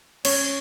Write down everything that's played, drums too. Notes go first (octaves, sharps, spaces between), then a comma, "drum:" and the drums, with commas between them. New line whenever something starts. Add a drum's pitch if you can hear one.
C#4 C#5, drum: cymbal